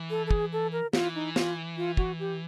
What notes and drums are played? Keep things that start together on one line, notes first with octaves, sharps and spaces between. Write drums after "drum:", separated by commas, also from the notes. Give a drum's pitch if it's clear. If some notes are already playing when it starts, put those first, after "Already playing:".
Already playing: E3
A4
A4
G#4, drum: kick
A4
A#4
E3 F4, drum: snare
D#4
F4, drum: snare
F4
F#4, drum: kick
G4